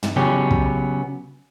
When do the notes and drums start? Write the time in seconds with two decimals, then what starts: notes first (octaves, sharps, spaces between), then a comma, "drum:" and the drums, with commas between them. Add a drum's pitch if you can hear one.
0.03 drum: tom
0.16 C#3 F#3 B3 C#4 G4
0.51 drum: kick